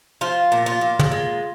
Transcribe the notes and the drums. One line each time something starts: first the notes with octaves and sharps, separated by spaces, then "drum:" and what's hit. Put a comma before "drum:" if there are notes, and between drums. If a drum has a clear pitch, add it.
F3 F4
A#2
F4
A#2
drum: tom
G#3